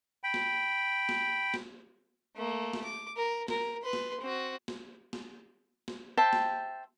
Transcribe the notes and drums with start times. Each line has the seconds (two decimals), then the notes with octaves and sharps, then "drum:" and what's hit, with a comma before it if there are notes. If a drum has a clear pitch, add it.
0.24 G5 B5
0.34 drum: snare
1.09 drum: snare
1.54 drum: snare
2.36 A3 A#3
2.73 drum: snare
2.84 D6
3.17 A#4
3.48 A#4, drum: snare
3.83 B4 C6
3.93 drum: snare
4.21 C4 F#4
4.68 drum: snare
5.13 drum: snare
5.88 drum: snare
6.17 C5 E5 G5 A5
6.33 drum: snare